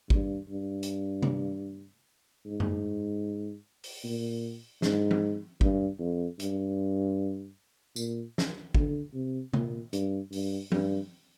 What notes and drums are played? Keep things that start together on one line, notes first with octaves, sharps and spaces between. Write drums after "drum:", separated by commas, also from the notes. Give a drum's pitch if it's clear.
G2, drum: kick
G2
drum: hi-hat
drum: tom
G#2
drum: tom F#2
drum: open hi-hat
A#2
G#2, drum: snare
drum: tom F3
G2, drum: kick
F2
G2, drum: hi-hat
A#2, drum: tambourine
drum: snare
D3, drum: kick
C3
A#2, drum: tom
G2, drum: hi-hat
G2, drum: open hi-hat
G2, drum: tom F3